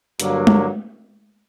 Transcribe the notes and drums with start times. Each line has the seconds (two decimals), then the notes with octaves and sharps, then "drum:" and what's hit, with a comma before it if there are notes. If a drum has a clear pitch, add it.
0.20 G2 D3 F#3 A#3, drum: hi-hat
0.47 drum: tom G#3